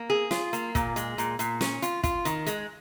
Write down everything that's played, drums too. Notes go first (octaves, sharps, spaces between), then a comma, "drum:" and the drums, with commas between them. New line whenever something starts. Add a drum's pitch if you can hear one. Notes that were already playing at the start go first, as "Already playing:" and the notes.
Already playing: A#3
G#4
F4, drum: snare
A#3, drum: hi-hat
A#2, drum: kick, hi-hat
G#3, drum: hi-hat
A#2, drum: hi-hat
A#2, drum: hi-hat
C#4, drum: snare
F4, drum: hi-hat
F4, drum: kick, hi-hat
D#3, drum: hi-hat
G#3, drum: hi-hat